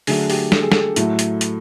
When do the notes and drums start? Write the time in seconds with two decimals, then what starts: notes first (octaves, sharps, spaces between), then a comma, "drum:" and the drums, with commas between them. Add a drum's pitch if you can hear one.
0.07 D3 F#3 A3 G#4, drum: open hi-hat
0.30 G4, drum: open hi-hat
0.52 A4, drum: snare
0.62 G#4
0.72 A4, drum: snare
0.96 A2 F#3 A3, drum: hi-hat
1.19 drum: hi-hat
1.41 drum: hi-hat